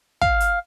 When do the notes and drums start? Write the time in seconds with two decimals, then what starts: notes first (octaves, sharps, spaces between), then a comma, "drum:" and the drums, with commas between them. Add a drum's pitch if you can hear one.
0.22 F5, drum: kick
0.40 drum: hi-hat